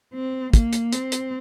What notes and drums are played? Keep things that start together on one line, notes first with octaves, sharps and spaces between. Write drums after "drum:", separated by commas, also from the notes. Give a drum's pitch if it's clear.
C4
A#3, drum: kick, hi-hat
drum: hi-hat
C4, drum: hi-hat
drum: hi-hat